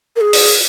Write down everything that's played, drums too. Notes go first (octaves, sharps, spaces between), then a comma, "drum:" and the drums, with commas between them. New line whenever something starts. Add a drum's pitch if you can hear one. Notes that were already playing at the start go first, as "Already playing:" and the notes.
A#4
G#4
drum: open hi-hat